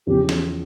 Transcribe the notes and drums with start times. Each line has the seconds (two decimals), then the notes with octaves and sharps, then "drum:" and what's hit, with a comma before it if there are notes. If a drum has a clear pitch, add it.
0.07 E2 C#3 F3 G4
0.29 drum: snare